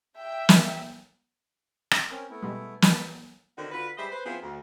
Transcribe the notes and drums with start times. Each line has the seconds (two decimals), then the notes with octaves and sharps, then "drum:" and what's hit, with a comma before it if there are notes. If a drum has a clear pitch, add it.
0.18 E5 G5
0.49 drum: snare
1.91 drum: rim click
2.11 C4 C#4 A#4
2.30 A3 B3 E4
2.43 B2 G3 G#3
2.82 B4 A5, drum: snare
3.57 D3 D#3 C4 D#4 F#4
3.72 D3 F4 F#4 B4
3.98 G3 G#3 B4 C5 D#5 E5
4.11 B4 C5
4.25 F3 B3 C4 E4 F4 G#4
4.42 D2